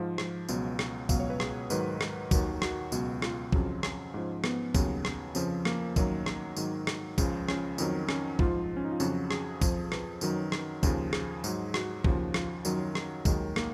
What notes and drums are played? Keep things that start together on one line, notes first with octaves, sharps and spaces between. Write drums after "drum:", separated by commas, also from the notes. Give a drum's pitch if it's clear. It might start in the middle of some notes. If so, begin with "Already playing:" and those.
Already playing: G#2 F3 F5
drum: rim click
C#2 B2 F#3, drum: tambourine
drum: rim click
C#2 B2 F#3 F5, drum: kick, tambourine
C#5
B4
G#4, drum: rim click
G#2 D#3 F#3 B4, drum: tambourine
drum: rim click
D#2 D#3 F#3 F#4, drum: kick, tambourine
F#4, drum: rim click
C#2 B2 F#3, drum: tambourine
F4, drum: rim click
F2 C#3 F#3, drum: kick
C#4, drum: rim click
G#2 F3
B3, drum: rim click
D#2 C#3 F#3, drum: kick, tambourine
drum: rim click
F2 C#3 F3, drum: tambourine
A#3, drum: rim click
F#2 D#3 F#3, drum: kick, tambourine
drum: rim click
G#2 D#3 F#3, drum: tambourine
drum: rim click
C#2 C#3 F3, drum: kick, tambourine
C#4, drum: rim click
F2 D#3 F#3, drum: tambourine
C#4, drum: rim click
G#2 F3 F4, drum: kick
C#4
D#4
F4
F2 C#3 F#3 F#4, drum: tambourine
G#4, drum: rim click
F2 F3, drum: kick, tambourine
B4, drum: rim click
F#2 D#3 F#3, drum: tambourine
drum: rim click
D#2 C#3 F3, drum: kick, tambourine
G#4, drum: rim click
G#2 F#3, drum: tambourine
F#4, drum: rim click
D#2 C#3 F3, drum: kick
F4, drum: rim click
F#2 D#3 F#3, drum: tambourine
drum: rim click
D#2 D#3 F#3 G#3, drum: kick, tambourine
A#3, drum: rim click